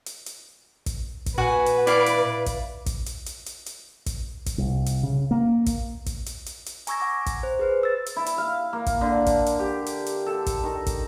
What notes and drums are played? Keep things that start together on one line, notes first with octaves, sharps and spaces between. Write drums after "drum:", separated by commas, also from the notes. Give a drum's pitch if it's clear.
drum: hi-hat
drum: hi-hat
drum: kick, hi-hat
drum: kick, hi-hat
A#2 F#4 B4 F#5 G#5
drum: hi-hat
E4 D5 F5 D6, drum: hi-hat
drum: hi-hat
drum: kick, hi-hat
drum: kick, hi-hat
drum: hi-hat
drum: hi-hat
drum: hi-hat
drum: hi-hat
drum: kick, hi-hat
drum: kick, hi-hat
C2
drum: hi-hat
C#3
A#3
drum: kick, hi-hat
drum: kick, hi-hat
drum: hi-hat
drum: hi-hat
drum: hi-hat
G#5 A#5 C#6 E6 G#6 A#6, drum: hi-hat
F#5 D6
drum: kick, hi-hat
C5
G#4 B4 C5
C5 E6 A6
drum: hi-hat
E4
drum: hi-hat
F5
A#3
drum: kick, hi-hat
D3
drum: kick, hi-hat
drum: hi-hat
G4
drum: hi-hat
drum: hi-hat
A4
drum: kick, hi-hat
D#3
drum: kick, hi-hat